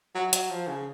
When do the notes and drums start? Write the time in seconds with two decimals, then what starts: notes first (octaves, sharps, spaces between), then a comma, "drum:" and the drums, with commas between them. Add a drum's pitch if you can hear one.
0.15 F#3
0.33 F#3, drum: hi-hat
0.50 F3
0.68 C#3